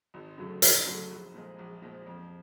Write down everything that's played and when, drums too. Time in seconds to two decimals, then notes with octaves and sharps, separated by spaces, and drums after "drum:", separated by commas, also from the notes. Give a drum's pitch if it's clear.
0.14 G#1
0.38 F#2 C#3 F#3 A3
0.62 G#1, drum: hi-hat
0.86 F#2 C#3 F#3 A3
1.10 A#1
1.34 A#2 F3 G#3
1.58 A#1
1.82 A#2 F3 G#3
2.06 F2